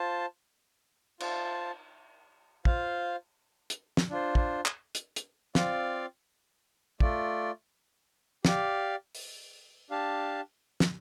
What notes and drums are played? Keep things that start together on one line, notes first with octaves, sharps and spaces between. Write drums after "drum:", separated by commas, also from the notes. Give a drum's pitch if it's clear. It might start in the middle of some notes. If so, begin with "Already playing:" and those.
Already playing: F4 C5 A5
F4 C5 A5, drum: cymbal
F4 C5 F5, drum: kick
drum: hi-hat
drum: snare
D4 F4 C5
drum: kick
drum: clap
drum: hi-hat
drum: hi-hat
C4 F4 D5 F5, drum: snare
A3 F4 D5, drum: kick
G4 D5 F5, drum: snare
drum: open hi-hat
D4 G4 F5 A5
drum: snare